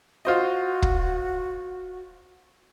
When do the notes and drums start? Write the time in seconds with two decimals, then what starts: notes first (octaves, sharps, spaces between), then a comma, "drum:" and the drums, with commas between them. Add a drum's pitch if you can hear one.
0.25 F4 F#4 C5 D#5
0.82 drum: kick